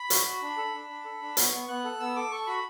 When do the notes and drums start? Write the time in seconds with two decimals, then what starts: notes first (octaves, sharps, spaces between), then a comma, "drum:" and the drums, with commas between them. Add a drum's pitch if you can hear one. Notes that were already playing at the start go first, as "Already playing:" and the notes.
Already playing: B5
0.10 F#4, drum: hi-hat
0.26 F#4
0.42 D4
0.57 A4
0.74 D4
0.89 D4
1.05 A4
1.21 D4
1.37 B3 C#6, drum: hi-hat
1.52 B3
1.68 B3 F#6
1.84 A4
2.00 B3 E6
2.16 A4 D6
2.31 A4 C#6
2.47 F#4 B5